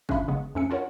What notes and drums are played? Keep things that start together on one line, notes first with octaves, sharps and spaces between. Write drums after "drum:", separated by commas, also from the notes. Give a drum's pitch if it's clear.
C#4 D4 F4 E5 F5 B5, drum: kick
C#3 G#3 B3
F2 A3 C#4 E6 C#7
D4 F4 F#4 A#4 C#5 F#5